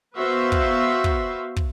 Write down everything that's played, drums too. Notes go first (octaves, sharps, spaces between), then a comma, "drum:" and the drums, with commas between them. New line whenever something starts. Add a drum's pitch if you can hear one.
B3 F#4 B4 C5 E5 F5
drum: kick
drum: kick
drum: kick